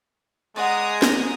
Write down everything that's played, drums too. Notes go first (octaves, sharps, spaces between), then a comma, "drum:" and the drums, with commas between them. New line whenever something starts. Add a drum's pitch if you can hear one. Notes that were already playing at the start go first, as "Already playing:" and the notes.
G#3 D5 F#5 G#5 A#5 D#6
drum: snare